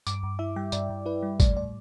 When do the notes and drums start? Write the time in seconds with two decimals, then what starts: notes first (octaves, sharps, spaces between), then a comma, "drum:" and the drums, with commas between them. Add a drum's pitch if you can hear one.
0.07 G2 D6, drum: tambourine
0.23 G2
0.39 E4 E5
0.56 G3 G5
0.72 G2 D5, drum: tambourine
0.89 G2
1.06 E4 B4
1.23 G3
1.40 A2 D5, drum: kick, tambourine
1.56 A2 D5